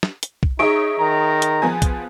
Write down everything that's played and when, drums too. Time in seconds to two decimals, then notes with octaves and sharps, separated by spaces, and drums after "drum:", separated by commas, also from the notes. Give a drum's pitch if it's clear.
0.03 drum: snare
0.23 drum: hi-hat
0.43 drum: kick
0.59 D#4 G#4 C#5 D#5 E5 D7
0.97 D#3 A#5
1.42 drum: hi-hat
1.62 F3 B3 G#5
1.82 drum: kick, hi-hat